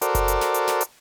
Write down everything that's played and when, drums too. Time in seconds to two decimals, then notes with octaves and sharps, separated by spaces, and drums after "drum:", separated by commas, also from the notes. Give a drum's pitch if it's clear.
0.02 F#4 A4 A#4 C5 D5, drum: hi-hat
0.15 drum: kick F#1, hi-hat
0.28 drum: hi-hat
0.41 drum: snare
0.54 drum: hi-hat
0.67 drum: snare
0.81 drum: hi-hat